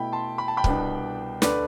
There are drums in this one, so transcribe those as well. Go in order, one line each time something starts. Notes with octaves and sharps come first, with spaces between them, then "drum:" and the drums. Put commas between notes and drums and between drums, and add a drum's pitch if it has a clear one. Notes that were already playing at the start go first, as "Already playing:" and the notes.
Already playing: B2 A3 E4 G5 B5
A5 C6
B5
A5
G5 B5
C2 B2 B3 D4, drum: kick C#1
D2 D3 A3 B4 D5, drum: snare